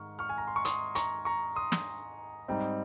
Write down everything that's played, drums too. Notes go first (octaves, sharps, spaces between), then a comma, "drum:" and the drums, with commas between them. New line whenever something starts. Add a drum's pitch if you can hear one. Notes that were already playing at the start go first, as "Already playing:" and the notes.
Already playing: G#2 D#3 G#3 C#6 F6
C#6 F6
G#5
A#5
C6
C#6
C6 D#6, drum: hi-hat
A#5 C#6, drum: hi-hat
A#5 C#6
C6 D#6
drum: snare
G#2 G3 C4 D#4